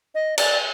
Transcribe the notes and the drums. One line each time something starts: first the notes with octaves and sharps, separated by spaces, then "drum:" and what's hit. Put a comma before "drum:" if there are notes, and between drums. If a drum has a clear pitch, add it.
D#5
D5, drum: cymbal